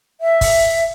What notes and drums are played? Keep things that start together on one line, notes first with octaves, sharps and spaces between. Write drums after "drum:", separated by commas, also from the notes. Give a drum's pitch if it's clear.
E5
drum: kick, open hi-hat